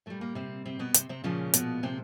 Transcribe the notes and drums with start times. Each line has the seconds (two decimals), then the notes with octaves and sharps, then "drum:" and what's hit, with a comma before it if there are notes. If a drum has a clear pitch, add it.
0.06 A#2 G3 A3
0.21 A#3
0.35 C3 C4
0.66 C3 C4
0.79 B2 B3
0.94 C3 C4, drum: hi-hat
1.09 C3 C4
1.24 A#2 C#3 F3 G#3 C#4
1.54 B2 B3, drum: hi-hat
1.83 C3 C4